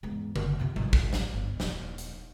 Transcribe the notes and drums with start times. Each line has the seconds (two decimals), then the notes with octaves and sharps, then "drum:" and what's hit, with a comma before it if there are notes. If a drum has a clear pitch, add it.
0.03 E2 G#2
0.36 F#1, drum: tom D3
0.59 C3 F3
0.76 G#1, drum: tom G3
0.93 drum: kick
1.13 drum: snare
1.33 G1
1.60 D#1 E4, drum: snare
1.98 drum: hi-hat